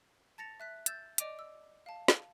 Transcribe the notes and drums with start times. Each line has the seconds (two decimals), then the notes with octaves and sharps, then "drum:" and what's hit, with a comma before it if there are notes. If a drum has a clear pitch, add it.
0.38 A5 A6 A#6 C#7 F7
0.60 E5 F#6 B6
0.86 E6 G6 A6 E7, drum: hi-hat
1.18 D5 D#5 D6 D7 D#7 F7, drum: hi-hat
1.39 E6
1.86 F5 A5
2.08 drum: snare